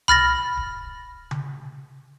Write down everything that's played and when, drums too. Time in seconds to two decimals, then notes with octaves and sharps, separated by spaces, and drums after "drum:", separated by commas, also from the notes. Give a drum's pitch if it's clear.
0.08 B5 F6 A6 A#6, drum: tom C2
0.57 drum: kick D1
1.31 drum: tom C#3